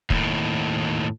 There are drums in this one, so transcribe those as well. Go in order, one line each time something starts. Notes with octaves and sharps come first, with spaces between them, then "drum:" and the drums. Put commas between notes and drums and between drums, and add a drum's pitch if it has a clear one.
D#2 A2, drum: kick